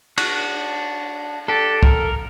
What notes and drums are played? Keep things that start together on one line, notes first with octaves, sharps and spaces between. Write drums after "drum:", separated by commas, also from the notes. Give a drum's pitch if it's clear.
D4 F#4 F#6, drum: cymbal
D4 G4 A4
A#4, drum: kick